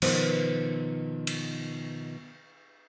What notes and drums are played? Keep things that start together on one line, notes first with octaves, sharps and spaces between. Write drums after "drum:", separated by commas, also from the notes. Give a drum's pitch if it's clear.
B2 D#3 F3 B3 D#4 C5, drum: cymbal
drum: cymbal